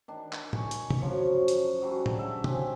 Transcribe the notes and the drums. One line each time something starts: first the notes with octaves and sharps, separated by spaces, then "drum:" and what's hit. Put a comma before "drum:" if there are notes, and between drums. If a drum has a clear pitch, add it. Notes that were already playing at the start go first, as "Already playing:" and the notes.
D#3 D4
drum: clap
G#5 C#6, drum: tom A2
drum: hi-hat
drum: tom
F#2 F3 C#5
drum: hi-hat
F#3 G3 D4 G#4
drum: tom A2
E5 F#5 A5
C4 C#4 G4 G#5, drum: tom